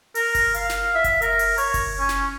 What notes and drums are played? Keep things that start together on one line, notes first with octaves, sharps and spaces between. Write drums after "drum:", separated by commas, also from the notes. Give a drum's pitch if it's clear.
A#4, drum: open hi-hat
drum: kick F#1, open hi-hat
F5, drum: hi-hat
drum: snare
E5
drum: kick F#1, hi-hat
A#4, drum: hi-hat
drum: open hi-hat
C#5, drum: open hi-hat
drum: kick F#1, open hi-hat
C#4
drum: snare